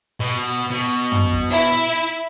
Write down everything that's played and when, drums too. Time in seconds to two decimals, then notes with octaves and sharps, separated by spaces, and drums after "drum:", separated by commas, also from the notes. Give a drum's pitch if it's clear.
0.20 B2
0.54 drum: hi-hat
0.70 B2
1.12 drum: tom
1.32 drum: kick
1.50 E4